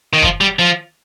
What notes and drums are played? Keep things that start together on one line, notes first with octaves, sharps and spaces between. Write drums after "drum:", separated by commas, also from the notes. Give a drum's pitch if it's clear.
D#3
F3, drum: kick
G3
F3